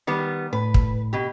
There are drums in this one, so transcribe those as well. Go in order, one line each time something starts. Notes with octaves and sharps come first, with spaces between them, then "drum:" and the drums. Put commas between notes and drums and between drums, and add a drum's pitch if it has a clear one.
D#3 G3 B3
A2 B4
drum: kick
B2 G4